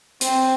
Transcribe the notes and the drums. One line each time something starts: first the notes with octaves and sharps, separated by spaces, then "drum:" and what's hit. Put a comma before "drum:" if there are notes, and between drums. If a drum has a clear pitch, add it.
C4, drum: hi-hat